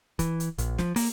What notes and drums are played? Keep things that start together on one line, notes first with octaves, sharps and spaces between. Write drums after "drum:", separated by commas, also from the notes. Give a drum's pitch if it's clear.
E3, drum: kick C#1, hi-hat
drum: hi-hat
A#1, drum: hi-hat
F3, drum: snare
A#3, drum: open hi-hat